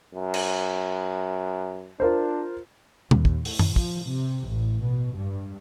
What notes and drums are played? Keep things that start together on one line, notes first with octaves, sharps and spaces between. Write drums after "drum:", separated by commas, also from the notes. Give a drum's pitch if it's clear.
F#2
drum: cymbal
D4 F4 A#4 C5
D#2, drum: tom A#2
drum: kick
A2, drum: open hi-hat
drum: tom F#2
F3, drum: kick
C3
A1
B2
G2